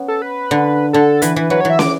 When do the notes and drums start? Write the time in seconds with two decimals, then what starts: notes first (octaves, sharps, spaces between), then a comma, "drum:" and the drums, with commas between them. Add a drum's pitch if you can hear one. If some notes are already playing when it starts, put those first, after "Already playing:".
Already playing: B3 C#4
0.08 A4
0.22 B4
0.51 D3
0.93 D3 A4
1.22 E3 B4, drum: hi-hat
1.36 E3 B4
1.50 F#3 B4
1.61 C#5
1.65 E3
1.70 E5
1.79 D6, drum: snare